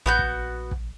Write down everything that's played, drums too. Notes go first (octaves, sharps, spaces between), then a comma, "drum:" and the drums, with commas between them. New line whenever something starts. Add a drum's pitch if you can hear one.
A#1 B3 F#4 G6
drum: kick
drum: kick